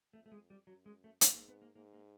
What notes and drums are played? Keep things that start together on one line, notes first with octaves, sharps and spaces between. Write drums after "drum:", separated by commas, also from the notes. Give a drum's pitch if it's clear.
F2 A3
A3
G#3
G3
F#2 F#3
G#3
A3
G#2 A3, drum: hi-hat
A#3
B3
A#3
G#2 A#3
A#3